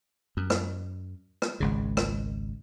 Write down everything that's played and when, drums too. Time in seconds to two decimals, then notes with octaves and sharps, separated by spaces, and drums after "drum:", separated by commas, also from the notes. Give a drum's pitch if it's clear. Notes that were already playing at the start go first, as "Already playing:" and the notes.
0.37 F#2
0.50 drum: rim click
1.42 drum: rim click
1.60 G#1 C#2 C#3
1.97 drum: rim click